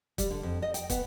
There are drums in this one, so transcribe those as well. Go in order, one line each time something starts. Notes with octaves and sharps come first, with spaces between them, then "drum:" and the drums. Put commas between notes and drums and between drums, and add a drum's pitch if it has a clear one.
G3, drum: kick, hi-hat
D3
F2
D#5
G5, drum: hi-hat
B3, drum: kick, hi-hat